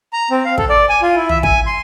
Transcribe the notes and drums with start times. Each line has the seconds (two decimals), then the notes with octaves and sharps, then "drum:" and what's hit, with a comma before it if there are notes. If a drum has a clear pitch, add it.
0.13 A#5
0.31 C4
0.45 F5
0.58 A4, drum: kick
0.69 D5
0.89 G#5
1.02 F4
1.15 E4
1.29 E5, drum: tom
1.43 G#5, drum: kick
1.66 C6